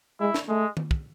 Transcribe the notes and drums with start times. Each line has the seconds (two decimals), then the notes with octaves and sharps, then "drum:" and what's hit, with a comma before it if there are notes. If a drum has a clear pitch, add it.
0.20 G#3 E4
0.34 drum: snare
0.48 G#3 A3
0.77 drum: tom D#3
0.91 drum: kick